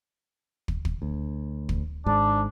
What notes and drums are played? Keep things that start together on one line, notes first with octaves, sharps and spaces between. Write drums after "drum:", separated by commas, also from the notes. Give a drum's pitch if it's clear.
drum: kick
drum: kick
D2
drum: kick
G#1 G#2 D4